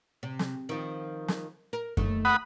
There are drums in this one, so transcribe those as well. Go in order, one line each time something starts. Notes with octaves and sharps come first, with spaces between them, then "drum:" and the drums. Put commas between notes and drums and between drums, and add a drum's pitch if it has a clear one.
C3
drum: snare
D#3 F3
drum: snare
A#4
D#2 A3, drum: kick F#2
F#5 B5 D#6